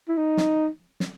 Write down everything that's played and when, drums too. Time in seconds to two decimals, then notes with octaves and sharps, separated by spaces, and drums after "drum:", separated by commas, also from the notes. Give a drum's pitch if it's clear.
0.09 E4
0.17 D#4
0.37 drum: snare
1.00 drum: snare